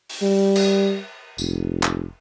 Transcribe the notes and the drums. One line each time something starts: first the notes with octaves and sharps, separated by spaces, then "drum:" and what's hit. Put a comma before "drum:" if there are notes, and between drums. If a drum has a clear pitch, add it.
drum: open hi-hat
G3
drum: cymbal
F1, drum: tambourine
drum: clap